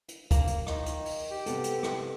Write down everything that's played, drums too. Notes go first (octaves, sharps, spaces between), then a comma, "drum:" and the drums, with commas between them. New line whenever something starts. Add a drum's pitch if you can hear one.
drum: hi-hat
A#3, drum: kick, hi-hat
drum: hi-hat
D#3, drum: rim click
drum: hi-hat
drum: open hi-hat
G4
C3 B3 A4, drum: hi-hat
drum: hi-hat
drum: rim click